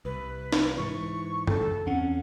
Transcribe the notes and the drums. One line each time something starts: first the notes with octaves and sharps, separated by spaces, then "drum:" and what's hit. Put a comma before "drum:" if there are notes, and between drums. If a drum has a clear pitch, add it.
C2 B4
drum: snare
G#2 E3 C#6
A4, drum: tom F#2
E2 C4 C#4 F#5